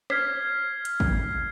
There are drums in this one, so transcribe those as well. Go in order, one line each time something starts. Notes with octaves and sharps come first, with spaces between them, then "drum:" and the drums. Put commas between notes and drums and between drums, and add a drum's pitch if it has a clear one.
F6 G#6 B6 C7, drum: rim click
drum: hi-hat
drum: kick